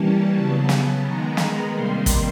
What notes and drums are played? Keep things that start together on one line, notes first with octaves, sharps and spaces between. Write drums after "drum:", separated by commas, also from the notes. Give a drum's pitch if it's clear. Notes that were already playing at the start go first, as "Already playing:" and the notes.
Already playing: E3 G3 A#3 C#4 A5
C#3 F#3 B3 A5
drum: snare
D#3 G#3 B3 A#5
B5, drum: snare
C3 D#3 G3 A#3 C6
drum: kick, hi-hat